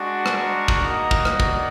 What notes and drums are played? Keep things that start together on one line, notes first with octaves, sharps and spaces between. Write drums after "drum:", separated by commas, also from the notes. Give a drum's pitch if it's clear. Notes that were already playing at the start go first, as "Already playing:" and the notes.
Already playing: G#3 D4 F#4
A#4, drum: rim click
drum: kick
A#3 D#4 F#4
drum: kick
drum: rim click
D5, drum: kick